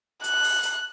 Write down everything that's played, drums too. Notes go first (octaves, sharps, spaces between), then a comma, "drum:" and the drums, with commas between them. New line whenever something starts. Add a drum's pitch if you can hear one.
F#6, drum: hi-hat
drum: open hi-hat
drum: hi-hat